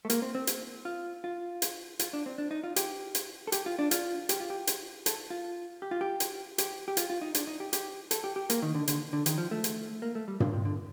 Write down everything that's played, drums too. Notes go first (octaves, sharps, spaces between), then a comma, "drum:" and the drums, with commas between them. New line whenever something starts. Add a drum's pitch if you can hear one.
A3
A#3, drum: hi-hat
C4
C4
drum: hi-hat
F4
F4
drum: hi-hat
F4, drum: hi-hat
D4
C4
D4
D#4
F4
G4, drum: hi-hat
drum: hi-hat
A4
G4, drum: hi-hat
F4
D4
F4, drum: hi-hat
G4, drum: hi-hat
F4
G4
drum: hi-hat
A4, drum: hi-hat
F4
G4
F4
G4
drum: hi-hat
G4, drum: hi-hat
G4
F4, drum: hi-hat
F4
D#4
D4, drum: hi-hat
D#4
G4
G4, drum: hi-hat
A4, drum: hi-hat
G4
G4
A#3, drum: hi-hat
D#3
D3
D3, drum: hi-hat
D3
D#3, drum: hi-hat
F3
A3
drum: hi-hat
A#3
A3
G3
D3, drum: tom
C3
D3